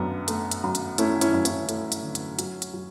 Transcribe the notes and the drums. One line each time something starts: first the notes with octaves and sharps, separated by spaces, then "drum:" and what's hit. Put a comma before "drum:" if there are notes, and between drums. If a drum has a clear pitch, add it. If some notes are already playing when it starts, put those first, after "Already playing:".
Already playing: F#2 A3 B3 D4
A3, drum: hi-hat
drum: hi-hat
F#2
drum: hi-hat
A3 C#4 E4, drum: hi-hat
C#4 E4, drum: hi-hat
F#2
C#4 E4, drum: hi-hat
A3, drum: hi-hat
drum: hi-hat
D3
drum: hi-hat
F#3, drum: hi-hat
drum: hi-hat
F#3